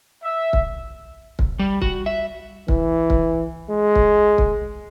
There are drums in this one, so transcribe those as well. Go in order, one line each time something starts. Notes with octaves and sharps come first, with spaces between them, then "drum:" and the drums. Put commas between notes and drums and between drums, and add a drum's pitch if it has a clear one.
E5
drum: kick
drum: kick
G3
F#4, drum: kick
E5
E3, drum: kick
drum: kick
G#3
drum: kick
drum: kick